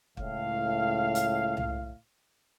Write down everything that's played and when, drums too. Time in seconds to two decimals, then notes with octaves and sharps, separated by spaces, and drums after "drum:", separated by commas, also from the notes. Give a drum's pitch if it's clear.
0.17 C#2 A2 F5, drum: kick
1.15 drum: hi-hat
1.57 drum: tom C2